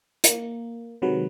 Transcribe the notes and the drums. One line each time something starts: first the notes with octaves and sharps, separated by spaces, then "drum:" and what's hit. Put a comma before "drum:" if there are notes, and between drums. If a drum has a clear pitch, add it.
A#3, drum: hi-hat
C3 D#3 F#3 G#3 B4